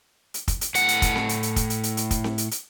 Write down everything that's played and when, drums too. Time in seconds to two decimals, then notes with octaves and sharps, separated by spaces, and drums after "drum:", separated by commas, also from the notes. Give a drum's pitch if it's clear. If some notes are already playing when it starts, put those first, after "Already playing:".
0.34 drum: hi-hat
0.48 drum: kick, hi-hat
0.61 drum: hi-hat
0.75 A2 F#5, drum: hi-hat
0.88 drum: hi-hat
1.02 drum: kick, hi-hat
1.16 drum: snare C4
1.29 drum: hi-hat
1.43 drum: hi-hat
1.56 drum: kick, hi-hat
1.70 drum: hi-hat
1.83 drum: hi-hat
1.97 drum: hi-hat
2.11 drum: kick, hi-hat
2.24 drum: snare C4
2.38 drum: hi-hat
2.51 drum: hi-hat